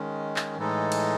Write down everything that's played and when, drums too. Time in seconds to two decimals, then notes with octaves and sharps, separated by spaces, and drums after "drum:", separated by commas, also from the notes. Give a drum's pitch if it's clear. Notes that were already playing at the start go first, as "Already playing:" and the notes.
Already playing: D#3 G#3 C#4
0.36 drum: clap
0.57 A2 E3 G#3 D#4 A4
0.92 drum: cymbal